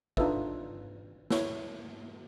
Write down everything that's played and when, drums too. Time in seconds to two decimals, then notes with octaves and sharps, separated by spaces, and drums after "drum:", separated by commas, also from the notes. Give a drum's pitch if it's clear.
0.17 D4 D#4 F4 A4 B4 E5, drum: kick
1.31 E4 C#5, drum: snare